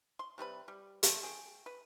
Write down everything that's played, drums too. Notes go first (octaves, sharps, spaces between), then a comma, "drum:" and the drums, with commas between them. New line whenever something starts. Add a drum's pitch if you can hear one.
C6
C3 G3 B4 B5
G3
G3 A3, drum: hi-hat
G#4 G5
B4